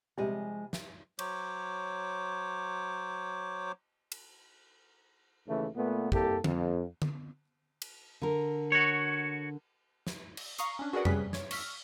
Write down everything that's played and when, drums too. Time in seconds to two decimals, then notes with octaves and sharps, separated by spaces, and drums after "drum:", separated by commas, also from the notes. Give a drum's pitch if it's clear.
0.18 C3 F3 G3 G#3 G#5
0.73 drum: snare
1.19 F#3 C5 C#5 D6, drum: cymbal
4.12 drum: cymbal
5.47 D#2 C#3 E3 A3
5.76 A#2 A3 B3
6.12 C2 A#3 G4 A4, drum: kick
6.44 F2, drum: tom
7.02 drum: tom D3
7.82 drum: cymbal
8.22 D3 A#4
8.72 F#4 C#5
10.07 drum: snare
10.37 drum: cymbal
10.58 F5 A#5 C#6 D#6 C7, drum: hi-hat
10.79 C#4 D4
10.93 F#4 G#4 A#4 B4 D5 F#5
11.05 C3 G3 C#4 G#4 B4 B6, drum: tom F2
11.33 C#5, drum: snare
11.51 C#6 E6 F6 B6, drum: cymbal